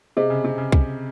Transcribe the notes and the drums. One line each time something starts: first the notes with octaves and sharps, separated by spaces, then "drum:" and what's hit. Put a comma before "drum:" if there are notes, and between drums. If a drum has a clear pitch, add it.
C3 G#4 C5 D#5
C#3
C3
C#3
drum: kick